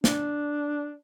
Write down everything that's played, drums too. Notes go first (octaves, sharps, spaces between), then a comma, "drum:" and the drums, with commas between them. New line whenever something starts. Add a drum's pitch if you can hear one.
D4, drum: snare